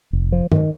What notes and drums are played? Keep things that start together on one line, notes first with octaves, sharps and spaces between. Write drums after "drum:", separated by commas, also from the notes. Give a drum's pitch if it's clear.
F1
F3
D#3, drum: tom G2